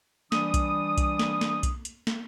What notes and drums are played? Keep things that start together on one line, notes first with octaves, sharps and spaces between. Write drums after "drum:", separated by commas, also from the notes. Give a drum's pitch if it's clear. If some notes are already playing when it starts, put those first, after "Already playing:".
E3 G3 D4 D#6, drum: snare
drum: kick B1, hi-hat
drum: kick B1, hi-hat
drum: snare
drum: snare
drum: kick B1, hi-hat
drum: hi-hat
drum: snare